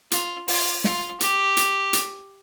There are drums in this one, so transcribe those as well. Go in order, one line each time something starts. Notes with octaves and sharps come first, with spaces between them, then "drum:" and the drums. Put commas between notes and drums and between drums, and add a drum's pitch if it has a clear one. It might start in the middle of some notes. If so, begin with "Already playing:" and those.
F4, drum: hi-hat
F4, drum: open hi-hat
F4, drum: snare
G4, drum: hi-hat
drum: hi-hat
drum: hi-hat